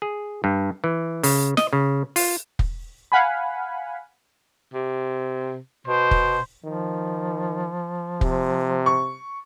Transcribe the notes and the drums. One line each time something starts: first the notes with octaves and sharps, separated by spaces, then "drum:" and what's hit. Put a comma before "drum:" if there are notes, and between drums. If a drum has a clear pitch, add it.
G#4
G2
E3
C#3, drum: open hi-hat
D#5, drum: snare
C#3
F4, drum: open hi-hat
drum: kick
F5 F#5 G#5 B5
C3
B2 C5
drum: kick
D#3 F3
C3, drum: kick
C#6